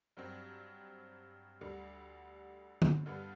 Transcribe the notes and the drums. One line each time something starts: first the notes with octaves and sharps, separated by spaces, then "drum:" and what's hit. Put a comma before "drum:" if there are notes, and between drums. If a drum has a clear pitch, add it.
G2 F#3 C4
D2 D3 G3
drum: tom D3
G2 D3 G3 B3